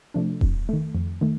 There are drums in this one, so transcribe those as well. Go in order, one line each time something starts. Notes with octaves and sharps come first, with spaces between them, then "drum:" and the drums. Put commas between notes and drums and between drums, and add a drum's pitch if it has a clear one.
C3 F3 A3 D4
F2, drum: kick D#1
D#3 A3
F2
D#3 A3